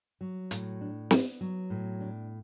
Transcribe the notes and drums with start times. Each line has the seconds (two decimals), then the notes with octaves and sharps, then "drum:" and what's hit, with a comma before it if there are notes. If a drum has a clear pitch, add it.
0.21 F#3
0.51 A2, drum: hi-hat
0.81 D4
1.11 B3, drum: snare
1.41 F#3
1.70 A2
2.01 D4